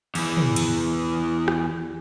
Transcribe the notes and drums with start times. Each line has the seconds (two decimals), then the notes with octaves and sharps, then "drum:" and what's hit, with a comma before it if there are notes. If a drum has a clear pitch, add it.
0.15 E2 E3, drum: cymbal
0.37 drum: tom
0.56 drum: cymbal
1.48 drum: rim click